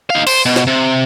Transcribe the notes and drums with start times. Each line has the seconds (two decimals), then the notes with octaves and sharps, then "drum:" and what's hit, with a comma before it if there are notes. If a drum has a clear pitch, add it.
0.10 D#4 F5
0.27 C5, drum: cymbal
0.46 B2
0.56 drum: snare
0.67 C3